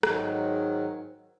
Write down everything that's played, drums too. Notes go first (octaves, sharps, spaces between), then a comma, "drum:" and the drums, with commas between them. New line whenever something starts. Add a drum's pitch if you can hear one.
G#2 D#3 F#3, drum: rim click